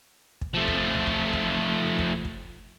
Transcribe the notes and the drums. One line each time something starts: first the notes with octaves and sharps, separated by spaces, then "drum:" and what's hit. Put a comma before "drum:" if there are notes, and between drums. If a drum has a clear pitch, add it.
drum: kick
F3 A3
drum: kick
drum: tom C2
drum: kick
drum: kick
drum: kick
drum: kick